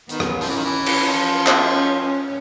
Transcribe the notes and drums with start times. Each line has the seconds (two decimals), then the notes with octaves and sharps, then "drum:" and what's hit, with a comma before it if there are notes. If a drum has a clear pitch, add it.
0.09 D#3 B3, drum: hi-hat
0.20 drum: rim click
0.41 F3 C#4, drum: open hi-hat
0.48 E3
0.56 D#3
0.64 E3
0.86 drum: cymbal
1.05 F3
1.47 drum: clap
1.67 C#4
1.99 C#4